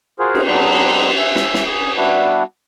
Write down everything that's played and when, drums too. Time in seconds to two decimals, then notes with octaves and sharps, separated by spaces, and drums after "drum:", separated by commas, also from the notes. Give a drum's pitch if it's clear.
0.19 F4 F#4 G#4 A#4 C5
0.35 drum: cymbal
0.47 F#3 G#3 B3 C4 D4 D#4
1.18 E5 G#5
1.35 drum: snare
1.54 drum: snare
1.66 G#4 D#6
1.97 G3 B3 D4 E4 F#4